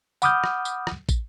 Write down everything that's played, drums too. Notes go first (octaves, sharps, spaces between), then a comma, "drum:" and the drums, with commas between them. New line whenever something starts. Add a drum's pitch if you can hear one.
F#5 B5 D6 D#6 F6 G6, drum: tambourine
drum: rim click
drum: tambourine
drum: rim click
drum: kick, tambourine